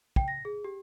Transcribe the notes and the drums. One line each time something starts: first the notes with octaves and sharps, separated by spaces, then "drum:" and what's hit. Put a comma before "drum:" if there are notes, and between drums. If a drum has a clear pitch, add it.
G5, drum: kick
A#6
G#4
G4